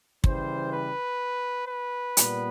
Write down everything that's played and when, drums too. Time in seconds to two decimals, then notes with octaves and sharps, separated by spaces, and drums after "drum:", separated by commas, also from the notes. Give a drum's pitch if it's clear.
0.24 C#3 E3 G3 C5, drum: kick
0.72 B4
1.68 B4
2.17 A#2 G3 B3, drum: hi-hat